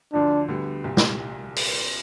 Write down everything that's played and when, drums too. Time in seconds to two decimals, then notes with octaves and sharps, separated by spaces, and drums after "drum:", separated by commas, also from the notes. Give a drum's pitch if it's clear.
0.14 D2 D3 F3 D4
0.48 D2 D3 G3 B3
0.84 C2 A#2 G3
0.97 drum: snare
1.56 drum: open hi-hat